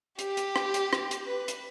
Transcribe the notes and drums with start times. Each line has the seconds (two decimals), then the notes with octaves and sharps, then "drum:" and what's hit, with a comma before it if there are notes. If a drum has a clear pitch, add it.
0.19 G4, drum: hi-hat
0.37 drum: hi-hat
0.56 drum: rim click
0.74 drum: hi-hat
0.93 drum: rim click
1.11 drum: hi-hat
1.25 B4
1.48 drum: hi-hat